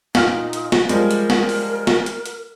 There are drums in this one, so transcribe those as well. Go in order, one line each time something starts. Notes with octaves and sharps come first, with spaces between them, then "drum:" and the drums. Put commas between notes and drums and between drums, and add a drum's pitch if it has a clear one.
A#2 D#4 F6, drum: snare
drum: hi-hat
drum: snare
F3 G3 G#3 A#4, drum: hi-hat
drum: hi-hat
drum: snare
drum: open hi-hat
drum: snare
drum: hi-hat
drum: hi-hat